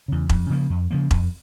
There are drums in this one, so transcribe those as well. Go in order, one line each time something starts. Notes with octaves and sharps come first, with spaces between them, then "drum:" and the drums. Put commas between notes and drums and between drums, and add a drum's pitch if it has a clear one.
E2 C#3
F2, drum: kick E1
C#3 F3 A#3
F2
C#3 F3 A#3
F2, drum: kick E1